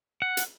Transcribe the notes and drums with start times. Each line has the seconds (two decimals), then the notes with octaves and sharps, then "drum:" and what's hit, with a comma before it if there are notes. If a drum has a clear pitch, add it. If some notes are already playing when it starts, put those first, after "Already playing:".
0.22 F#5
0.37 drum: hi-hat